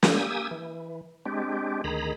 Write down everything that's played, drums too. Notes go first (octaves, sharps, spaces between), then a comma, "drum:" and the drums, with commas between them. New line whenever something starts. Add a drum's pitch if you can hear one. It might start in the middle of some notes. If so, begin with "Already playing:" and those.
A#3 G4 G#5 D#6 E6, drum: snare
E3
G#3 C4 D4 G4
D2 D#3 G#4 A#5 B5